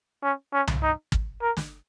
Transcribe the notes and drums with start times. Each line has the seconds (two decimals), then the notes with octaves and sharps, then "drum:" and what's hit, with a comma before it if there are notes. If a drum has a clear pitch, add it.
0.23 C#4
0.53 C#4
0.67 drum: tom C2
0.83 D#4
1.12 drum: kick
1.42 A#4
1.57 drum: snare